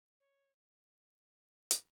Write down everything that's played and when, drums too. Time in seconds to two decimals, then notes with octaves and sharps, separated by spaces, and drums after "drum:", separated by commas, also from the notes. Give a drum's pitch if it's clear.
0.20 C#5
1.71 drum: hi-hat